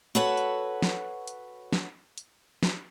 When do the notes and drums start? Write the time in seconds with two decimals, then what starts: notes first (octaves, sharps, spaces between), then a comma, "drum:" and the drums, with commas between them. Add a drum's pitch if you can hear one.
0.15 F#4 A4 B4 C#5 F#5
0.37 drum: hi-hat
0.82 drum: snare
1.27 drum: hi-hat
1.73 drum: snare
2.18 drum: hi-hat
2.63 drum: snare